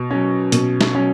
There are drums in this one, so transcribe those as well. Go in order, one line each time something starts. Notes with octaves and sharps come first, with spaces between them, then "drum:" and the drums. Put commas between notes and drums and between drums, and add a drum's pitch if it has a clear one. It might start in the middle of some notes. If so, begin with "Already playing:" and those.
Already playing: B2
F#3 C#4
B2, drum: hi-hat
drum: snare
F#3 C#4